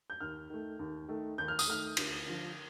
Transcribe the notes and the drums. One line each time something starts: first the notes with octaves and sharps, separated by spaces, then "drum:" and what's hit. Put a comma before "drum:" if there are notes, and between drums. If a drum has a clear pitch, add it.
G6
D#2 F6
D#3 A3
D#2
D#3 A3
D#2 G6
F6
D#6, drum: tambourine
D#3 A3 F6
D2, drum: cymbal
D3 F3